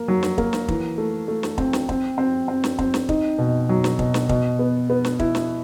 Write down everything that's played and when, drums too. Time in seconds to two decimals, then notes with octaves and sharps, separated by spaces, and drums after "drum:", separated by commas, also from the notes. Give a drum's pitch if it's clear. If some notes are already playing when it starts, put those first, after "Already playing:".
Already playing: A#3
0.08 F#3
0.23 drum: snare
0.38 A#3, drum: kick
0.53 drum: snare
0.68 E3, drum: kick
0.98 A3
1.28 A3
1.43 drum: snare
1.58 C4, drum: kick
1.73 drum: snare
1.89 C4, drum: kick
2.18 C4
2.48 C4
2.64 drum: snare
2.79 C4, drum: kick
2.94 drum: snare
3.09 D#4, drum: kick
3.39 B2
3.69 F#3
3.84 drum: snare
3.99 B2, drum: kick
4.14 drum: snare
4.29 B2, drum: kick
4.59 B3
4.90 B3
5.05 drum: snare
5.19 E4, drum: kick
5.35 drum: snare